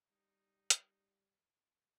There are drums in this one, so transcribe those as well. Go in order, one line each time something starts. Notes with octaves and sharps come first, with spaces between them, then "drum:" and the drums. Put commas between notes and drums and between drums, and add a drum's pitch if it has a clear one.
G3 D#4
drum: hi-hat